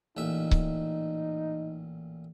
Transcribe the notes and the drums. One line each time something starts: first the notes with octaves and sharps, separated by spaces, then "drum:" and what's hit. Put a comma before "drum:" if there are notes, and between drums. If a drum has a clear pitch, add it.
A1 A#2 D#4 E5
drum: kick C#1